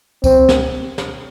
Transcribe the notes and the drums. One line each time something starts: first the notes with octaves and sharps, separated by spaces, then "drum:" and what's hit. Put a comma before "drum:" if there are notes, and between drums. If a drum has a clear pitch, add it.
C4, drum: kick C#2, tambourine
drum: snare
drum: snare